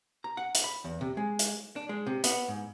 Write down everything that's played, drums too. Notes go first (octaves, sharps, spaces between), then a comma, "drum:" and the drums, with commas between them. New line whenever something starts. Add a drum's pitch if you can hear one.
A#5
F#5
drum: hi-hat
B5
E2
C3
G#3
drum: hi-hat
D4
G#3
C3
B3, drum: hi-hat
G#2